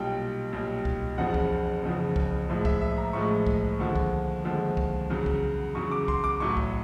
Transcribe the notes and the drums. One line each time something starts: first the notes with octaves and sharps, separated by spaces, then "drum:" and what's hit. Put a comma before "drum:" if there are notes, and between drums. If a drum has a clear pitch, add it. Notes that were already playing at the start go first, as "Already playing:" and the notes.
Already playing: B1 A#2 G3 G5
B1 A#2 G3
drum: kick C2
F#1 E2 C#3 F3 F#5
drum: kick C2
F#1 E2 C#3 F3
drum: kick C2
A1 A2 F3 G#3
E5, drum: kick C2
E5
A#5
A1 A2 F3 G#3 C#6
drum: kick C2
D#2 D3 F3 G#3
drum: kick C2
D#2 D3 F3 G#3
drum: kick C2
E2 C#3 F#3
drum: kick C2
E2 C#3 F#3 C#6
D6
C6, drum: kick C2
D6
A1 A2 F#3 C#6
drum: kick C2